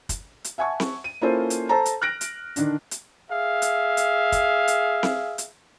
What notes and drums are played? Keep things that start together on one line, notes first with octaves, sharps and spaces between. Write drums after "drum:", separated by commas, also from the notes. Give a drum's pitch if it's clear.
drum: kick, hi-hat
drum: hi-hat
E5 F#5 G#5 A5 C#6
drum: snare C4
D#7
A#3 C#4 E4 F4 A4 C5
drum: hi-hat
A4 C5 A5 A#5
drum: hi-hat
F6 F#6 A#6 D7
drum: hi-hat
D3 D#3 D4, drum: hi-hat
drum: hi-hat
G#4 E5 F5
drum: hi-hat
drum: hi-hat
drum: kick, hi-hat
drum: hi-hat
drum: snare C4
drum: hi-hat